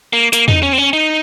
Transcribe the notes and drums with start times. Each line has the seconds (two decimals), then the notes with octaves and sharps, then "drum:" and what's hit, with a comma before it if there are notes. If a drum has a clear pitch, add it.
0.13 A#3
0.33 A#3, drum: hi-hat
0.48 D#4, drum: tom E2
0.63 C#4
0.73 C4
0.78 C#4
0.93 D#4